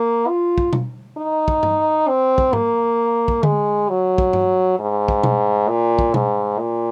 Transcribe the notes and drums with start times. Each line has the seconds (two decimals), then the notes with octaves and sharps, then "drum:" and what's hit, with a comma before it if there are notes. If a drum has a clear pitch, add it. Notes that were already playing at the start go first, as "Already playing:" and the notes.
Already playing: A#3
0.28 F4
0.58 drum: kick
0.73 drum: tom B2
1.17 D#4
1.48 drum: kick
1.63 drum: tom G2
2.08 C4
2.38 drum: kick
2.53 A#3, drum: tom G#2
3.28 drum: kick
3.43 G#3, drum: tom D3
3.89 F#3
4.18 drum: kick
4.33 drum: tom G2
4.79 G#2
5.08 drum: kick
5.23 drum: tom B2
5.69 A#2
5.99 drum: kick
6.14 G#2, drum: tom B2
6.59 A#2